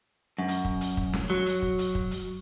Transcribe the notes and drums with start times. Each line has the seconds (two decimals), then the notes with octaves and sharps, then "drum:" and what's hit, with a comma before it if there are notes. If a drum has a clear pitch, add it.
0.38 F#2
0.48 drum: hi-hat
0.65 drum: kick
0.81 drum: hi-hat
0.97 drum: kick
1.13 drum: snare
1.30 F#3
1.46 drum: hi-hat
1.62 drum: kick
1.79 drum: hi-hat
1.95 drum: kick
2.11 drum: hi-hat